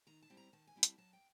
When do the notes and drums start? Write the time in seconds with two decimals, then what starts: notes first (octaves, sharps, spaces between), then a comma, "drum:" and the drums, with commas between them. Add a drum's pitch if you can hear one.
0.07 D#3 A#5
0.22 A5
0.30 G3 C4 E4
0.37 A#5
0.53 D#3 A5
0.67 G#5
0.76 G3 C4 E4
0.83 A5, drum: hi-hat
0.98 F#3 A5
1.13 G5